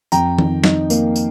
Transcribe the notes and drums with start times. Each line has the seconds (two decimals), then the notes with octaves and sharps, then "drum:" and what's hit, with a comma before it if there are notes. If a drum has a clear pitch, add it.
0.12 F2 G5 A#5, drum: tambourine
0.39 D#3, drum: tom D#3
0.64 D#4, drum: snare
0.90 A#3, drum: tambourine
1.16 drum: tambourine